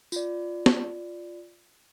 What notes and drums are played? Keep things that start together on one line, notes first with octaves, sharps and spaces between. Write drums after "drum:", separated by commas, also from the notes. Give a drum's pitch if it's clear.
F4 D5, drum: tambourine
drum: snare